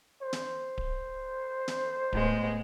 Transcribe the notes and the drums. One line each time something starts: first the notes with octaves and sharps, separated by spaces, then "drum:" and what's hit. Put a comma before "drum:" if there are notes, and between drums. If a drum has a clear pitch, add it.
C5
drum: snare
drum: kick D1
drum: snare
A2 G#3 B3, drum: kick D1